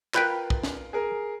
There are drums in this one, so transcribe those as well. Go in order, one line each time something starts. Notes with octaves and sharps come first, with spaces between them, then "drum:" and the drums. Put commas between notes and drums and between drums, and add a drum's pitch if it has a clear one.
F4 A#4 B4 G5, drum: clap
drum: kick
drum: snare
G#4 A#4